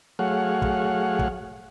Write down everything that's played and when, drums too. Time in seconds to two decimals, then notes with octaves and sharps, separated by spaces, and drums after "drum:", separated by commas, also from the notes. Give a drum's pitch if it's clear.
0.19 F#3 A3 G#4 C#5 F5 F#5
0.62 drum: kick
1.19 drum: kick